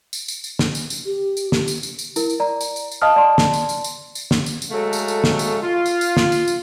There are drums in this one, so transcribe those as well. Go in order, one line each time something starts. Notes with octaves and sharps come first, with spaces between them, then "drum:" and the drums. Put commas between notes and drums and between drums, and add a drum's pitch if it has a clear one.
drum: tambourine
drum: tambourine
drum: tambourine
drum: snare
drum: tambourine
drum: tambourine
G4
drum: tambourine
drum: snare
drum: tambourine
drum: tambourine
drum: tambourine
E4 A#4, drum: tambourine
drum: tambourine
D5 A#5
drum: tambourine
drum: tambourine
drum: tambourine
D#5 F5 A5 D#6 F6
D5 A5 C6
drum: snare
drum: tambourine
drum: tambourine
drum: tambourine
drum: tambourine
drum: snare
drum: tambourine
drum: tambourine
F#3 G#3 A3 A4 F5
drum: tambourine
drum: tambourine
drum: snare
drum: tambourine
F4
drum: tambourine
drum: tambourine
drum: snare
drum: tambourine
drum: tambourine